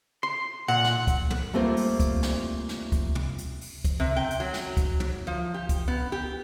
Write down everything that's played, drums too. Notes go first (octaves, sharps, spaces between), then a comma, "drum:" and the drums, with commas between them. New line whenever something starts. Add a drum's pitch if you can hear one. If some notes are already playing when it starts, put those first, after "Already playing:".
C6
A#2 F#5
drum: snare
drum: kick C#2, hi-hat
drum: tom
G3 A3 A#3 C4 F4 C5
drum: open hi-hat
drum: kick C#2, hi-hat
drum: snare
drum: snare
drum: kick C#2, hi-hat
drum: tom
drum: hi-hat
drum: open hi-hat
drum: kick C#2, hi-hat
C3
G5
drum: hi-hat
F#3
drum: snare
drum: kick C#2, hi-hat
drum: tom
F3
G4
drum: kick C#2, hi-hat
B3
G4